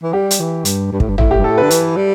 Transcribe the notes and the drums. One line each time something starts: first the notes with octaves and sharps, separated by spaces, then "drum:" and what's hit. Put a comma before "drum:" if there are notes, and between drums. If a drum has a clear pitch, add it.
E3
G3 G4
drum: hi-hat
E3
G2, drum: hi-hat
G2
A2, drum: kick
G2
A2 E4, drum: tom
G4
G2
A2 A4
D3 B4
E3, drum: hi-hat
G3